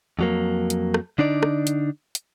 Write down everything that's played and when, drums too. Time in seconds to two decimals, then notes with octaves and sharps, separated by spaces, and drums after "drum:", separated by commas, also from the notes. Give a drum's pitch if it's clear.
0.19 F2 F#3 A#3
0.70 drum: hi-hat
0.94 drum: rim click
1.18 D3 D4 D#4 D5
1.43 drum: rim click
1.67 drum: hi-hat
2.15 drum: hi-hat